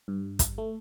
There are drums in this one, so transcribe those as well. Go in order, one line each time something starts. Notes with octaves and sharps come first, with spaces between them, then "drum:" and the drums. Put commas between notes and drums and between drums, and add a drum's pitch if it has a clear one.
G2
drum: kick, hi-hat
A3